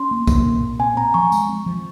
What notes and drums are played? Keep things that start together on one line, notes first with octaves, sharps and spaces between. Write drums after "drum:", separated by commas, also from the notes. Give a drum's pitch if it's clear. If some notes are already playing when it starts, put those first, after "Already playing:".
Already playing: C#4 C6
A#3
A#3, drum: kick A#1, tambourine
A#2
A#2
C4 G#5
C4 A#5
F3 C#6
G#3, drum: tambourine
C4
F3